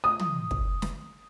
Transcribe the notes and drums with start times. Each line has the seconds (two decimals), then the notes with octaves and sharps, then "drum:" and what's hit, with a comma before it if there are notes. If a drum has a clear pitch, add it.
0.04 D#6
0.19 drum: tom
0.51 drum: kick
0.82 drum: snare